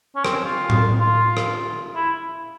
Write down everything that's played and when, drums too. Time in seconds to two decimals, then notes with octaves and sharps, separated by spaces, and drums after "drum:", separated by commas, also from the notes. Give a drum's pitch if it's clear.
0.16 C#4
0.25 C4, drum: rim click
0.45 F4
0.70 drum: tom A2
1.01 F4
1.37 drum: rim click
1.95 E4